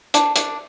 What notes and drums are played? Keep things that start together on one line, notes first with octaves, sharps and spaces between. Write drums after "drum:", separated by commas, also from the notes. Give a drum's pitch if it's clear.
D4, drum: hi-hat
D4, drum: hi-hat